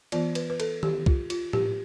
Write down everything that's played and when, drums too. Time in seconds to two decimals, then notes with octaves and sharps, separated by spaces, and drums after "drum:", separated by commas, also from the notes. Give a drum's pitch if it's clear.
0.12 E3 B3 F4 D5, drum: cymbal
0.35 B4, drum: cymbal
0.50 B4
0.60 A4, drum: cymbal
0.83 G4, drum: tom D#3
1.06 F4, drum: kick C2
1.30 F4, drum: cymbal
1.53 G4, drum: tom A2